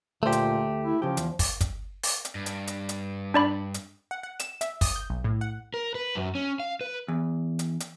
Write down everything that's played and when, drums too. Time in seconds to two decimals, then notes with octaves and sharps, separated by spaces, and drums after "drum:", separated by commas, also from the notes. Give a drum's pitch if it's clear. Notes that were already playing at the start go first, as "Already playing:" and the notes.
0.23 D2 A#2 A3 G4 C5
0.32 drum: hi-hat
0.84 E4
1.02 C#3 F3 G4
1.17 E2, drum: hi-hat
1.39 drum: kick, open hi-hat
1.61 drum: kick, hi-hat
2.03 drum: open hi-hat
2.25 drum: hi-hat
2.35 G2
2.46 drum: hi-hat
2.67 drum: hi-hat
2.89 drum: hi-hat
3.34 D4 D5 B5
3.74 drum: hi-hat
4.11 F#5
4.23 F#5
4.40 E7, drum: hi-hat
4.61 E5, drum: hi-hat
4.81 D#6, drum: kick, open hi-hat
4.96 G6
5.10 B1
5.24 A2
5.41 F#5
5.74 A#4
5.95 B4
6.15 F#2
6.35 C#4
6.60 F5
6.81 B4
7.08 E2
7.59 drum: hi-hat
7.80 drum: hi-hat